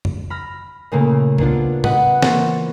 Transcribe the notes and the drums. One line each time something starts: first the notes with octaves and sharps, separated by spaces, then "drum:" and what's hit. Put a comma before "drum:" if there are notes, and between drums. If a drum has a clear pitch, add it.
drum: tom F2
B5 F6 A#6
A#2 C#3 A3 A#3
A#3 B3 D4 F4, drum: kick
B4 D#5 F#5 B5, drum: tom A2
E3 A#3 C5 C#6 A6, drum: snare